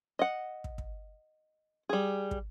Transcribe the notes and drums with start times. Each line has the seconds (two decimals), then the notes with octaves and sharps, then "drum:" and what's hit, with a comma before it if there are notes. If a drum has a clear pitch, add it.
0.19 D#5 F#5
0.64 drum: kick
0.78 drum: kick
1.89 G3 G#4
2.31 drum: kick